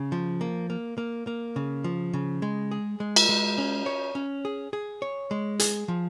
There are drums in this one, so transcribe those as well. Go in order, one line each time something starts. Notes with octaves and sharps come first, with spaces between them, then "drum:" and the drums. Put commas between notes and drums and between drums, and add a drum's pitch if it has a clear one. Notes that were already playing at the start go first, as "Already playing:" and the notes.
Already playing: C#3
F3
A#3
A#3
A#3
A#3
C#3
F3
C#3
G#3
G#4
G#3
drum: cymbal
G#3
C#4
C#5
C#4
G#4
G#4
C#5
G#3
G#4, drum: hi-hat
F3